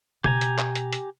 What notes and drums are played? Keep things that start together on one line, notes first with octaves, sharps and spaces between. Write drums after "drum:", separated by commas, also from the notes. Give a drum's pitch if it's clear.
B2 B3 G4 G#5 A#5, drum: tom
drum: hi-hat
drum: clap
drum: hi-hat
drum: hi-hat